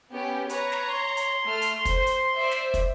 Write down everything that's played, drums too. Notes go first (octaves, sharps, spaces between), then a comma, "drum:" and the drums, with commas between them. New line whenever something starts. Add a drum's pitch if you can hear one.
B3 C#4 G4
B4 C#5 A#5, drum: hi-hat
drum: snare
C6
drum: hi-hat
A3 F6
drum: hi-hat
C5, drum: kick, hi-hat
drum: hi-hat
C5 D5 E5
drum: snare
drum: kick, hi-hat